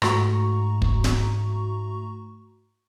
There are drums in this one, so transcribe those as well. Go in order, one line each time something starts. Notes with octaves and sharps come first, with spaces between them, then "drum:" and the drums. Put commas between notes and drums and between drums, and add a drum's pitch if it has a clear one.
G#2 A3 F#4 A#5 C#6, drum: rim click
drum: kick
drum: snare D1